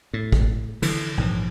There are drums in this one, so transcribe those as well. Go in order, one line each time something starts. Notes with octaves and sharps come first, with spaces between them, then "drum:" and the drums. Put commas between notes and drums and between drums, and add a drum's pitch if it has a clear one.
A2
drum: kick
D3 E3, drum: cymbal
A#1 G#2 E3